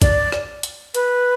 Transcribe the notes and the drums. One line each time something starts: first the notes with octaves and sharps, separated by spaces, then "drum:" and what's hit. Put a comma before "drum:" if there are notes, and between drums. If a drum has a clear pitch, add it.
D5, drum: kick, hi-hat
drum: rim click
drum: hi-hat
B4, drum: hi-hat